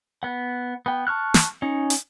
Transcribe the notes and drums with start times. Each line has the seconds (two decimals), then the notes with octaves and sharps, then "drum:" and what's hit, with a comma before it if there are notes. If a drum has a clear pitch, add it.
0.23 B3 F#5
0.86 B3 G5
1.07 A5 C#6 F6 F#6
1.34 drum: snare
1.62 C#4 D#4
1.90 drum: hi-hat